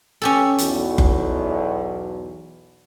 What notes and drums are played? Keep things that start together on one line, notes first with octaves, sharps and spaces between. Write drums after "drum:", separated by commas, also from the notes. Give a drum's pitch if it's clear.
C#4 G4 A4
B1 E2, drum: hi-hat
drum: kick F#1